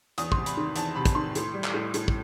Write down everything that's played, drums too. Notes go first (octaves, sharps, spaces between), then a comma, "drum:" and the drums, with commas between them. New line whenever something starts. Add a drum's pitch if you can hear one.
E2 D#6, drum: hi-hat
C3 C6, drum: kick
B5, drum: hi-hat
D#3
E2 A5, drum: hi-hat
C3 B5
drum: kick, hi-hat
D#3 C6
A2, drum: hi-hat
G3
drum: clap
A2
A2, drum: hi-hat
drum: kick